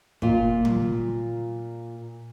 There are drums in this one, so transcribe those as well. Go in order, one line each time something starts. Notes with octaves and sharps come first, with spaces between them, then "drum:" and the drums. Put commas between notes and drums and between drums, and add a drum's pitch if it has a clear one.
A#2 F4, drum: kick
drum: tom